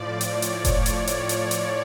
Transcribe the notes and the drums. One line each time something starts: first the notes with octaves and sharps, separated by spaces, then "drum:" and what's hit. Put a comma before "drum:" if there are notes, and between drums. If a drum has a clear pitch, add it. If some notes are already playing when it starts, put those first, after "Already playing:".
Already playing: A2 F3 D5
C#5, drum: hi-hat
drum: hi-hat
C#5, drum: kick F1, hi-hat
drum: hi-hat
drum: hi-hat
drum: hi-hat
drum: hi-hat